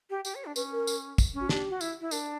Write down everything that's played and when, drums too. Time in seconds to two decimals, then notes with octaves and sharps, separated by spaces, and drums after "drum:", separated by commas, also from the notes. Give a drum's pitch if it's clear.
0.10 G4
0.25 G4, drum: tambourine
0.35 C#5
0.45 D4
0.56 C#4 B4, drum: tambourine
0.72 A#4
0.87 drum: tambourine
1.18 drum: kick, tambourine
1.34 C#4
1.40 F#4
1.49 D4 G4, drum: snare
1.70 F#4
1.81 E4, drum: tambourine
2.01 E4
2.11 D4 A#4, drum: tambourine